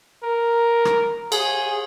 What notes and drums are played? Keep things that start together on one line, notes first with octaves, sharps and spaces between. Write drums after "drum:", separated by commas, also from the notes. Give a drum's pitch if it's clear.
A#4
drum: rim click
G#4, drum: cymbal